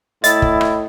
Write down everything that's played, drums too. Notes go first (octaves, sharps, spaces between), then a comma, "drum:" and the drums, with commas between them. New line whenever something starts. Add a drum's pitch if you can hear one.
A2 E4 D#5 A6, drum: hi-hat
drum: kick
drum: rim click